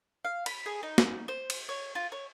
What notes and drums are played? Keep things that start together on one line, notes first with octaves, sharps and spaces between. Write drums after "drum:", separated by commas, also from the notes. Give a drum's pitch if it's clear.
F5
B5, drum: cymbal
G#4
D#4
drum: snare
C5
drum: cymbal
C#5
F4
C#5